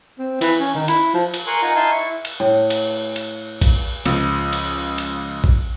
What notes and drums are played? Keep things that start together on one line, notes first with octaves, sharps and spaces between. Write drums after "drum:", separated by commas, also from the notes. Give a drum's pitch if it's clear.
C4
E3, drum: cymbal
C#4
D#3
E4, drum: cymbal
F3
drum: cymbal
A#4 G#5 C6 C#6 F#6
D#4 F4 F#5 G#5 A#5
D#4 E4 F5 G#5 A5 C6
E4 C#6
drum: cymbal
A2
drum: cymbal
drum: cymbal
drum: kick A1, cymbal
C#2 F3, drum: cymbal
drum: cymbal
drum: cymbal
drum: kick A1